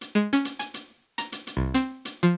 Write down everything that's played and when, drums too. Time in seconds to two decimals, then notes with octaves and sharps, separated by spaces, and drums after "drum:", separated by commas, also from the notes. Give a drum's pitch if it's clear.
0.01 drum: hi-hat
0.15 G#3
0.33 C#4, drum: hi-hat
0.45 drum: hi-hat
0.59 G#5, drum: hi-hat
0.74 drum: hi-hat
1.18 A#5, drum: hi-hat
1.32 drum: hi-hat
1.47 drum: hi-hat
1.57 C2
1.74 C4, drum: hi-hat
2.05 drum: hi-hat
2.23 F3